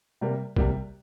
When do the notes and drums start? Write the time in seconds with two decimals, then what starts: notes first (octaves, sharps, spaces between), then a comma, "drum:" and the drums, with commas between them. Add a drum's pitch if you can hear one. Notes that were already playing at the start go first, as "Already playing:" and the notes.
0.21 C3 G3 A#3
0.56 C3 G3 A#3, drum: kick